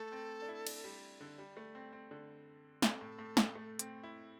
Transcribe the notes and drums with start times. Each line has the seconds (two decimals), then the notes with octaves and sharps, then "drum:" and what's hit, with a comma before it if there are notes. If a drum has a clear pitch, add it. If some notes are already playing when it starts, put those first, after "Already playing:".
Already playing: A3 A4
0.12 C4
0.42 D4
0.48 E4
0.67 D4, drum: cymbal
0.84 G3
1.21 D3
1.38 G3
1.57 A3
1.75 C4
1.93 C4
2.11 D3
2.82 C3 A4, drum: snare
3.01 A2
3.19 A2
3.37 A2, drum: snare
3.55 A3
3.79 C4, drum: hi-hat
4.03 E4